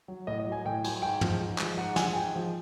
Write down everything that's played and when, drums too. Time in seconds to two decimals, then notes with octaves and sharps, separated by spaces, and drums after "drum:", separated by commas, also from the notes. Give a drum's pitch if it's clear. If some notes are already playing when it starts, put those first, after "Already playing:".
0.08 F#3
0.27 A2 D#5
0.40 D#5
0.46 F#3
0.52 G#5
0.65 A2 G5
0.84 F#3 G#5, drum: cymbal
1.02 G#2 G5
1.21 F3 G#3, drum: tom
1.40 G#2
1.58 F3 G#3, drum: clap
1.77 G#2 F#5
1.96 F3 G#3 G#5, drum: snare
2.15 G#2 G5
2.34 F3 G#3